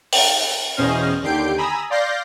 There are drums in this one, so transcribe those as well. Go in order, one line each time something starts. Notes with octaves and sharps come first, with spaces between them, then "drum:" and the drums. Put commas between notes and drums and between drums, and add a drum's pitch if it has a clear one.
drum: open hi-hat
E2 B2 C#4 C5 D#5 F6
D#2 D3 G4 G6 C7 D7
G#5 A#5 B5 D#6 E6
D5 F5 C6 G6 A#6 C7